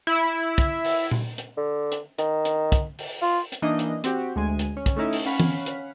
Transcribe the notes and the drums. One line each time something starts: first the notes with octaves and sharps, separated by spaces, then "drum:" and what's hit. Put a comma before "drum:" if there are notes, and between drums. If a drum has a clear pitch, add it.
E4
drum: kick, hi-hat
drum: open hi-hat
drum: tom A#2
drum: hi-hat
D3
drum: hi-hat
D#3, drum: hi-hat
drum: hi-hat
drum: kick, hi-hat
drum: open hi-hat
F4
drum: hi-hat
E3 A#3 D4 D#4 D#5
drum: hi-hat
C4 F#4 G4, drum: hi-hat
D2 G#3 G#5 D#7
drum: hi-hat
C#4
drum: kick, hi-hat
A3 C#4 D#4 E4
drum: open hi-hat
C#4 F5 F#5 B5
drum: tom E3
drum: hi-hat